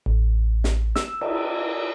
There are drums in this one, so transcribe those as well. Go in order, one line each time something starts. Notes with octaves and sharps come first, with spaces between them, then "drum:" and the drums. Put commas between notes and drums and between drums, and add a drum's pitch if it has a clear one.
A1
drum: snare
E6, drum: snare
drum: cymbal